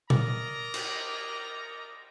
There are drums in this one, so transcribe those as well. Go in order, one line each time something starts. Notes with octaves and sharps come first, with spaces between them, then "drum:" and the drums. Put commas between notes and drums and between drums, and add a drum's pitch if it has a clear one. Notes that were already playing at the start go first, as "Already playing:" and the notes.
A#4 D5 D#5 A#5, drum: tom A#2
drum: cymbal